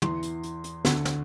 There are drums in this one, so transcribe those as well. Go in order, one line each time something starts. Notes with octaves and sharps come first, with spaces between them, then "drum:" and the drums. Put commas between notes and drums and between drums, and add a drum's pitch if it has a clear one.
E2 E3 C6, drum: tom
drum: hi-hat
drum: hi-hat
drum: hi-hat
D2 D3, drum: snare
drum: snare